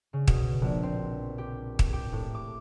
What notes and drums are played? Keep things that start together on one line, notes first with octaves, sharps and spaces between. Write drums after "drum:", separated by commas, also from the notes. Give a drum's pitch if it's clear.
C#3
B2, drum: kick
A#1
C4
G4
drum: kick
G4
A2
D6